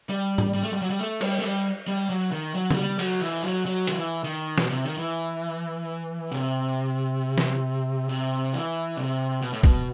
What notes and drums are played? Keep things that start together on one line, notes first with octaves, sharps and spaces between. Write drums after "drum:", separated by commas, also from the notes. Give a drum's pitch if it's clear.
G3
drum: tom G#2
G3
A3
G3
F#3
G3
A3
G3, drum: cymbal
A3
G3
G3
F#3
D#3
F#3
A3, drum: tom C#3
G3
F#3, drum: cymbal
E3
F#3
F#3
D#3, drum: hi-hat
E3
D#3
B2, drum: snare
C3
D#3
E3
C3
drum: snare
C3
E3
C3
B2
A2
B2, drum: kick